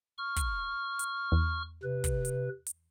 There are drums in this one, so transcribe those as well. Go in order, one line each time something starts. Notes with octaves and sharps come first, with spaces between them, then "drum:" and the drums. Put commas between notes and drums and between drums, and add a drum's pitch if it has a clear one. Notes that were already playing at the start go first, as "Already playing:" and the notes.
C#6 F6
drum: kick, hi-hat
drum: hi-hat
E2
C3 B4
drum: kick, hi-hat
drum: hi-hat
drum: hi-hat